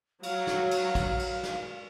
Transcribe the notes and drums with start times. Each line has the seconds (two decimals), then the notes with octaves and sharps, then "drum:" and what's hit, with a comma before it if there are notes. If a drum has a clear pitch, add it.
0.23 F#3 F5, drum: cymbal
0.47 drum: snare
0.71 drum: cymbal
0.95 drum: kick, cymbal
1.19 drum: cymbal
1.43 drum: snare